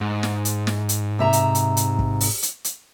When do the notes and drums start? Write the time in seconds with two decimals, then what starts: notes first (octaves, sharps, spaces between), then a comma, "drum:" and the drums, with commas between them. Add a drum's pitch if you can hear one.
0.01 G#2
0.23 drum: snare
0.45 drum: hi-hat
0.67 drum: snare
0.89 drum: hi-hat
1.19 C3 E5 A#5
1.33 drum: hi-hat
1.55 drum: hi-hat
1.77 drum: hi-hat
1.99 drum: kick
2.21 drum: open hi-hat
2.43 drum: hi-hat
2.64 drum: hi-hat